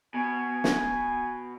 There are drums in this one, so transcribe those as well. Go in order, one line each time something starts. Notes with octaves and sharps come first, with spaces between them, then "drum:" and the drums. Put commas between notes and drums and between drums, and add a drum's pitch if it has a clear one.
B2 G#5
drum: snare